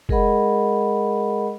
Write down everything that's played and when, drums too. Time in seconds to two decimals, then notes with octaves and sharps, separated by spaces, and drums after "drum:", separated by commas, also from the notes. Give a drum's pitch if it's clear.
0.09 G#3 G#4 A#4 D#5 F#5 B5, drum: kick